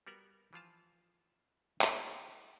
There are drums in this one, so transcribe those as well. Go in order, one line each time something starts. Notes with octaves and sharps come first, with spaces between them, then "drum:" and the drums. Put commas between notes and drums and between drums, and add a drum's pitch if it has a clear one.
G3 B3 F#4 A#4 F#5
E3 F3 F4 A5
G3 A3 D#4, drum: clap